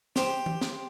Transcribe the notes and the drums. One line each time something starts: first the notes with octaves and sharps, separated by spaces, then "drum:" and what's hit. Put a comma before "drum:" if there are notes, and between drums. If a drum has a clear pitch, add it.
G4 C5, drum: snare
drum: tom E3
drum: snare